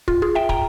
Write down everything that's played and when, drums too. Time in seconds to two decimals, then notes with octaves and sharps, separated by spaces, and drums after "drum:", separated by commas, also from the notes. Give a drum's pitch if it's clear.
0.08 F4, drum: kick
0.22 F4 G#4
0.35 E5 G5
0.49 G5 A#5, drum: kick